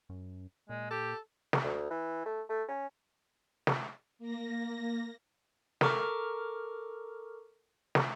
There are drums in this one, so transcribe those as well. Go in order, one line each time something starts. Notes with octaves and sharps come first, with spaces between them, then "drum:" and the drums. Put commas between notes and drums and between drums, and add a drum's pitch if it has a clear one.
F#2
A#2 G#3
G4 A4
drum: snare
D2
E3
A3
A3
C#4
drum: snare
A#3 A#6
A4 A#4 A#5 C#6 D6 F6, drum: snare
drum: snare